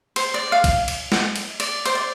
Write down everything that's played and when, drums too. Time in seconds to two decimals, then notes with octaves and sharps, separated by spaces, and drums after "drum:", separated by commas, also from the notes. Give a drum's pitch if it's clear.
0.16 C5, drum: cymbal
0.34 D5
0.52 F5
0.64 drum: kick, cymbal
0.88 drum: cymbal
1.12 drum: snare
1.36 drum: cymbal
1.60 D5, drum: cymbal
1.86 C5, drum: cymbal
1.95 D5